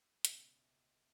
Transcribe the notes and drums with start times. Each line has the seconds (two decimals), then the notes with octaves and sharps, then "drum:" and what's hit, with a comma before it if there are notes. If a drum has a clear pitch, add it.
0.25 C#2 B2 D5 E5, drum: hi-hat